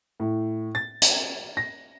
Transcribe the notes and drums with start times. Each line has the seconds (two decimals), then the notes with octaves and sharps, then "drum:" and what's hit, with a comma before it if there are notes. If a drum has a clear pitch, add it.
0.20 A2
0.75 A6
1.02 drum: hi-hat
1.57 A#6